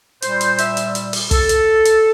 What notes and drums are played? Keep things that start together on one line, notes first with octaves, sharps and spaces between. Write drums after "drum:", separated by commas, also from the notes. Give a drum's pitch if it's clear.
A#2 G3 C5, drum: hi-hat
drum: hi-hat
E5, drum: hi-hat
drum: hi-hat
drum: hi-hat
drum: open hi-hat
A4, drum: kick, hi-hat
drum: hi-hat
drum: hi-hat